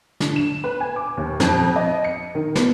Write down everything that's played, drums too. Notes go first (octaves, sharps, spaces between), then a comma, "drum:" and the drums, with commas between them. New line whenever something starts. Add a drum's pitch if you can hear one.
D3, drum: snare
E7
B4
G#5
D6
D#2
F2, drum: snare
D#5
C#7
D#3
B3, drum: snare